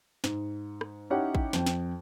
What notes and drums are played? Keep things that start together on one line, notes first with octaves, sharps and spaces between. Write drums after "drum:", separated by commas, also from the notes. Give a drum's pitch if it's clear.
G#2, drum: snare
drum: rim click
C#4 D#4 E4 G4 C#5 F#5
drum: kick A1
F2 G5, drum: snare
drum: snare